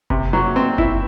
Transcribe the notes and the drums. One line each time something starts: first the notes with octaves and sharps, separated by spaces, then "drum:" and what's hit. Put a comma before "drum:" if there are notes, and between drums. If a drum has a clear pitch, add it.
C3, drum: kick F#1
F#3
C4
E4, drum: kick F#1